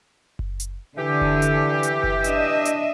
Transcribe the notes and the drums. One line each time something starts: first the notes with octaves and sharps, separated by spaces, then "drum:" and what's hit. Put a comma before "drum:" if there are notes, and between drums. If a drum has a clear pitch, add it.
drum: kick F#1
drum: hi-hat
D3 E3 G4
drum: kick F#1
drum: hi-hat
drum: hi-hat
drum: kick F#1
D4 D#5 E5, drum: hi-hat
drum: hi-hat